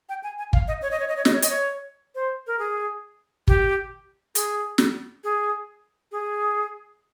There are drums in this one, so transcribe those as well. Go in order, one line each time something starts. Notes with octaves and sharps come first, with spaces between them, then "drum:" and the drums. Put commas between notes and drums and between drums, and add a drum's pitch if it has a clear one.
G5
G#5
G#5
F5, drum: kick
D#5
C#5
D#5
C#5
D#5
C#5
D#5, drum: snare
C#5
D#5, drum: hi-hat
C#5
C5
A#4
G#4
G4, drum: kick
G#4, drum: hi-hat
drum: snare
G#4
G#4